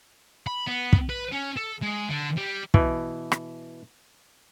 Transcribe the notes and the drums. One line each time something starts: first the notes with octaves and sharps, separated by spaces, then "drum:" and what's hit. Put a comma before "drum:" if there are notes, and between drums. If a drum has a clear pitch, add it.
B5
B3
drum: kick
B4
C#4
A4
G#3
D3
G3
B2 E3, drum: kick
drum: rim click